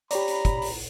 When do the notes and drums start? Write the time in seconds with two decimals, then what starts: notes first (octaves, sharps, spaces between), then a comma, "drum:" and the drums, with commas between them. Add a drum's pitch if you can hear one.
0.11 G4 C#5 D5 A#5 B5, drum: hi-hat
0.28 drum: hi-hat
0.45 drum: kick, hi-hat
0.62 drum: open hi-hat